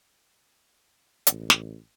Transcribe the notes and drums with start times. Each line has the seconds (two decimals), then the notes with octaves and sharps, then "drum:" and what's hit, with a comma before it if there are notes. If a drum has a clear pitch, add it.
1.27 A1, drum: hi-hat
1.50 drum: snare